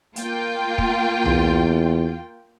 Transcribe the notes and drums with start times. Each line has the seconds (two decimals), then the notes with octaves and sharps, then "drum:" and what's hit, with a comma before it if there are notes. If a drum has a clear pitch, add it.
0.16 A#3 F4 G5, drum: hi-hat
0.78 drum: kick
1.25 E2, drum: tom C2